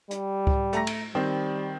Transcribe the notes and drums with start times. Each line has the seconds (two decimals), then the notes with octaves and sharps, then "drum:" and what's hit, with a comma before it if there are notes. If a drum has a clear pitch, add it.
0.11 G3, drum: hi-hat
0.47 drum: kick C#2
0.73 A3 A#5 A#6, drum: hi-hat
0.87 drum: cymbal
1.15 D#3 G3 C4